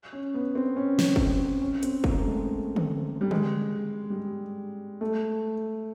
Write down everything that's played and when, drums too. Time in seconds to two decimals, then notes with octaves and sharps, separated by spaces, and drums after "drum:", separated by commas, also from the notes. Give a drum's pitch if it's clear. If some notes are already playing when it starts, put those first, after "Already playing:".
0.13 C#4
0.34 B3
0.55 C4
0.76 C#4
0.99 drum: snare
1.16 drum: kick
1.61 C#4
1.83 C4, drum: hi-hat
2.04 A#3, drum: kick
2.21 A3
2.25 G#3
2.76 drum: tom D3
3.21 G3
3.31 G#3, drum: tom D3
4.10 G3
4.16 G#3
5.01 A3